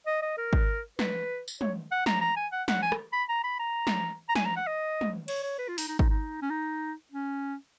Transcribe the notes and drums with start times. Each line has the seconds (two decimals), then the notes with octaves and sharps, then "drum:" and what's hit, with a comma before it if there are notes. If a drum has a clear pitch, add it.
0.07 D#5
0.22 D#5
0.38 A#4
0.53 drum: kick
0.99 B4, drum: snare
1.48 drum: tambourine
1.61 C#5, drum: tom
1.91 F#5
2.06 A#5, drum: snare
2.21 A#5
2.36 G#5
2.52 F#5
2.68 F#5, drum: snare
2.82 G#5
2.92 drum: rim click
3.13 B5
3.29 A#5
3.44 B5
3.59 A#5
3.87 drum: snare
4.29 A#5
4.35 G#5, drum: snare
4.45 A#5
4.56 F#5
4.67 D#5
5.01 drum: tom
5.28 C#5, drum: cymbal
5.43 C#5
5.58 B4
5.68 F4
5.78 D#4, drum: open hi-hat
5.88 D#4
5.99 D#4, drum: kick
6.09 D#4
6.42 C#4
6.50 D#4
7.12 C#4